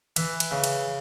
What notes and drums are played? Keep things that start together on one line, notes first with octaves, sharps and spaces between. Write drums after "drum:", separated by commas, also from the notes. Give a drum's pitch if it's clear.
E3, drum: cymbal
drum: cymbal
C#3
drum: cymbal